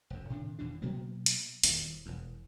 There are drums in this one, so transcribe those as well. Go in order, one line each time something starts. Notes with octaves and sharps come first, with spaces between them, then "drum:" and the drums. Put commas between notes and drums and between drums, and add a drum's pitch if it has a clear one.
F1 F#2
A2 C3 D#3 D4
D#1 E2 B2 D4
B2 F#3 A#3 B3
drum: hi-hat
D#1 E2 A#2, drum: hi-hat
E1 E2